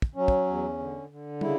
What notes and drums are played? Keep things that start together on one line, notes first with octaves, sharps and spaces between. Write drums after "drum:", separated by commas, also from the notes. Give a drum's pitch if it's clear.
drum: kick
F#3 C#4
drum: kick
E2
D3
D3
C#3 E4, drum: tom